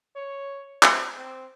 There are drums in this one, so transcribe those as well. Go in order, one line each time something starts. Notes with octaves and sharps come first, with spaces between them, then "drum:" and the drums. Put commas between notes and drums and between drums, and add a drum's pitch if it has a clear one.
C#5
C4, drum: clap
C4